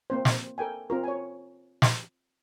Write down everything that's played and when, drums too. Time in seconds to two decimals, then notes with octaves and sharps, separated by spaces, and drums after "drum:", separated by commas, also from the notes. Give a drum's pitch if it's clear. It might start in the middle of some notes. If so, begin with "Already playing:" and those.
0.10 A#3 C4 C5
0.25 drum: snare
0.58 A4 A#4 G5 G#5
0.90 C4 F4 A#4
1.04 C#5 G#5
1.82 drum: snare